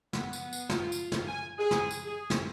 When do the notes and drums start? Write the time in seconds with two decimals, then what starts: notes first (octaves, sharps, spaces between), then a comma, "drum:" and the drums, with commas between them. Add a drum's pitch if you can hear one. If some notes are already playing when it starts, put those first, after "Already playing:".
0.13 B3, drum: snare
0.33 drum: tambourine
0.53 drum: tambourine
0.70 F4, drum: snare
0.92 drum: tambourine
1.12 drum: snare
1.27 G#5
1.58 G#4
1.71 drum: snare
1.91 drum: tambourine
2.05 G#4
2.30 drum: snare